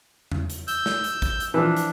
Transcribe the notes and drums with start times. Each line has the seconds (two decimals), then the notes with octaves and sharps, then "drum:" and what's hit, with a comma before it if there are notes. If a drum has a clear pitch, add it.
0.32 drum: tom E2
0.50 drum: hi-hat
0.68 E6 G6, drum: hi-hat
0.86 drum: snare
1.04 drum: hi-hat
1.22 drum: kick G#1, hi-hat
1.40 drum: hi-hat
1.54 E3 F3 D4
1.76 drum: hi-hat